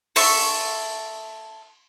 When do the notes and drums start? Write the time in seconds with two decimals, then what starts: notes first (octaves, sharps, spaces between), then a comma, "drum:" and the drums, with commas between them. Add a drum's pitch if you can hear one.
0.16 A4 E5 C#6, drum: open hi-hat